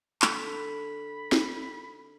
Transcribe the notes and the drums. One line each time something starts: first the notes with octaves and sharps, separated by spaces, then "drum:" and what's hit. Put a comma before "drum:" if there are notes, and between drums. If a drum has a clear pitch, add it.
D3 F#5 B5, drum: clap
drum: snare